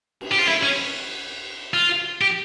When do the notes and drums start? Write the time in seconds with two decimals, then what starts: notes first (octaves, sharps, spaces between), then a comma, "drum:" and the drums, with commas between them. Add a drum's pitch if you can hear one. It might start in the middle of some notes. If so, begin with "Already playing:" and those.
0.21 drum: cymbal
0.32 G4
0.39 F4
0.47 E4, drum: snare
0.63 C#4
1.74 F4
2.21 G4